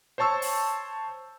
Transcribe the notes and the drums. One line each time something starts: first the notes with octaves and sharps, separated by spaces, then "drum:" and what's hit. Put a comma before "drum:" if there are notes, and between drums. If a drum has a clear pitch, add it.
C5 C#5 A5 C#6 E6
drum: open hi-hat